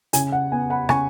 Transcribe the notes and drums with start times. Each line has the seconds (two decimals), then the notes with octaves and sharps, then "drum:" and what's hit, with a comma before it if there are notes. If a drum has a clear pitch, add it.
0.13 C#3 G#5, drum: hi-hat
0.32 F#5
0.52 B3 G#5
0.70 F#5 B5
0.89 C#3 G#5 C#6, drum: rim click